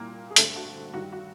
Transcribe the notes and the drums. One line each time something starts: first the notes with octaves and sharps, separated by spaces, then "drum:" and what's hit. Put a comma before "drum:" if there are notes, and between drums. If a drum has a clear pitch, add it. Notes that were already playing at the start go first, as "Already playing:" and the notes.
Already playing: C2 A#2 G3 A#3 A#4
G#4
G2 D3 G3 A3 C4 A4, drum: hi-hat
F#4
G2 D#3 G3 F#4
F#4